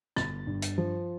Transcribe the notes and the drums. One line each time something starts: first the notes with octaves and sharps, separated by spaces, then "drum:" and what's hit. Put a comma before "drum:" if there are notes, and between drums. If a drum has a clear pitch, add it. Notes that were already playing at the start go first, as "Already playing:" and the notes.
G1 A6, drum: rim click
G2
drum: hi-hat
F3